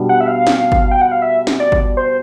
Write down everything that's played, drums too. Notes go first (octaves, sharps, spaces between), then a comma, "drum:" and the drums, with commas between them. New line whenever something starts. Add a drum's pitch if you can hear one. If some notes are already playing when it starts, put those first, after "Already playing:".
Already playing: B2 G3 B3 D4
F#5
E5
F5
drum: snare
drum: kick G1
G5
F#5
F5
E5
drum: snare
D5
drum: kick G1
C5